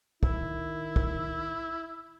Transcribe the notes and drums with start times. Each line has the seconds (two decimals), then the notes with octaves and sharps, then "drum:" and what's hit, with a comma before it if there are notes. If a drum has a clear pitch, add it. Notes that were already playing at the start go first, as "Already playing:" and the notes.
0.23 D#3 E4, drum: kick
0.96 drum: kick